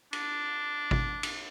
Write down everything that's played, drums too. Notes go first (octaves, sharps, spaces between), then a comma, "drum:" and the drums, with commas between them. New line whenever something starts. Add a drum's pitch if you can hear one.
D4, drum: cymbal
drum: kick G#1
drum: cymbal